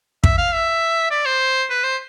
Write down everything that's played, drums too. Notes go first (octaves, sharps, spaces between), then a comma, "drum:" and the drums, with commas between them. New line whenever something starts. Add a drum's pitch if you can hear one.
E5, drum: kick
F5
E5
D5
C5
B4
C5